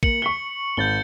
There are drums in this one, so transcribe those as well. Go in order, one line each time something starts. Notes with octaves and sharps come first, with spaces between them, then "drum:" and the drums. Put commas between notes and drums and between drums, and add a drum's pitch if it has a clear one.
A#3 C#7 F#7, drum: kick
C#6 B6 G7
G#1 G6 A6 G7